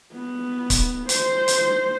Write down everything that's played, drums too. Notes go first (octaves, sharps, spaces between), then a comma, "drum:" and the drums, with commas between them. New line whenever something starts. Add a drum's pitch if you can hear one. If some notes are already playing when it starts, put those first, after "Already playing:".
B3
drum: kick C#1, hi-hat
C5, drum: hi-hat
drum: hi-hat